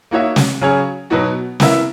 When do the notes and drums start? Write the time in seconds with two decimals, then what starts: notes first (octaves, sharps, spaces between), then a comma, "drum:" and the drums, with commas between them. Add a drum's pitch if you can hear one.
0.11 A#3 D#4 F#4 C#5 E5
0.36 drum: snare
0.61 C#3 F#3 C#4 G#4 C#5
1.10 B2 F#3 B3 D#4 F#4
1.60 B3 E4 A#4 E5, drum: snare